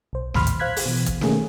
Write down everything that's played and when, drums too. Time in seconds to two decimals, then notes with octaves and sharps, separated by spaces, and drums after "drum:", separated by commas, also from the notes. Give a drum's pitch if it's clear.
0.13 B1 C5
0.34 A#1 D#2 A2 B5 C6 F6, drum: snare
0.47 drum: hi-hat
0.60 C5 F5 F#6 G#6 B6
0.76 drum: open hi-hat
0.86 B2 E3
1.06 drum: kick, hi-hat
1.21 D#3 A3 A#3 C#4 G#4, drum: snare